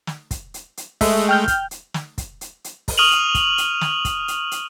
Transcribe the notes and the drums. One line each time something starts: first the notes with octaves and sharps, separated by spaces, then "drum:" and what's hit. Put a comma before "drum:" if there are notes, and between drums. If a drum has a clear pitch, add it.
drum: snare
drum: kick, hi-hat
drum: hi-hat
drum: hi-hat
G#3 A3 E5, drum: kick, open hi-hat
G5 F6 G6
drum: kick, hi-hat
drum: hi-hat
drum: snare
drum: kick, hi-hat
drum: hi-hat
drum: hi-hat
drum: kick, open hi-hat
C#6 D#6 F6 D#7 F7 F#7
drum: hi-hat
drum: kick, hi-hat
drum: hi-hat
drum: snare
drum: kick, hi-hat
drum: hi-hat
drum: hi-hat